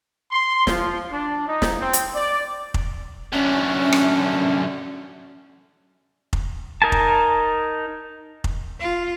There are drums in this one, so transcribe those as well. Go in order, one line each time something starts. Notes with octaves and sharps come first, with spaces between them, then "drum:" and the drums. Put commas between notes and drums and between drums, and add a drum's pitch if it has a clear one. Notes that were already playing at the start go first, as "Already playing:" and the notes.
C6
F3, drum: snare
D4
D#4
drum: snare
C4
drum: hi-hat
D5
drum: kick F1
F#2 D3 C#4
drum: rim click
drum: kick F1
D#4 A#4 G#5 A5
drum: kick F1
drum: kick F1
F4